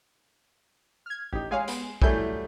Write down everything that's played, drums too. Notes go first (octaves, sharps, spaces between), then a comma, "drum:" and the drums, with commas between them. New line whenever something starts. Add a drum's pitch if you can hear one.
F6 G#6
A1 D#4 G4
G#3 G#4 C#5 F5 G#5
B3, drum: hi-hat
F#3 G3 A3 E4 G#5 G6, drum: kick